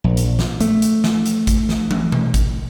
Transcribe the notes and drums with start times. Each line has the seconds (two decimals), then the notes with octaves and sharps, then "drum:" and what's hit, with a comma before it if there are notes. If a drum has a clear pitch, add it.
0.04 A#1
0.17 drum: hi-hat
0.39 drum: snare
0.61 A3, drum: hi-hat
0.82 drum: hi-hat
1.04 drum: snare
1.26 drum: hi-hat
1.47 drum: kick G#1, hi-hat
1.69 drum: snare
1.91 drum: tom
2.12 drum: tom B2
2.34 drum: kick G#1, hi-hat